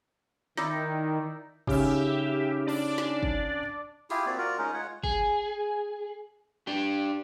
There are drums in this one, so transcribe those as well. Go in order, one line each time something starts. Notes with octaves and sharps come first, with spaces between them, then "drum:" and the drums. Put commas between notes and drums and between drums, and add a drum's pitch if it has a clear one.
D#3 D#4 E4 D5, drum: snare
C#3 C#4 D#4 G4 C#5 E5 B5, drum: kick
D4 D5
drum: snare
drum: kick
E4 F4 G4 G#4, drum: open hi-hat
A#3 C4 F#4 D5
F4 F#4 A#4 D5
G#3 C#4 D#4 A#4
G#3 F4 C#5 F#5
G#4, drum: kick
D4 G4